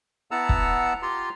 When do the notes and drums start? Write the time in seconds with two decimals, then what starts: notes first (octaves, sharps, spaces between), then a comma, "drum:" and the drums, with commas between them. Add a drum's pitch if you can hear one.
0.31 B3 E4 F#5 A5 A#5 E6
0.49 drum: kick
1.02 F4 G4 A#5 C6